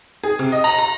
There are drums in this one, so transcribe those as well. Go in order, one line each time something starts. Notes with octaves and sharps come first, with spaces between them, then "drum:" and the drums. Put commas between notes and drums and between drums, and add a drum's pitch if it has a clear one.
G#4
C3
D#5
A#5, drum: cymbal
A#5, drum: cymbal